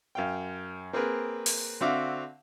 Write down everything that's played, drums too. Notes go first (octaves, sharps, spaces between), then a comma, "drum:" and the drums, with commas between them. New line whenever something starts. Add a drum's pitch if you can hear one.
F#2 F5 G5
A#3 C4 G#4 A#4 B4
drum: open hi-hat
D3 C4 F#4 E5 F5 D6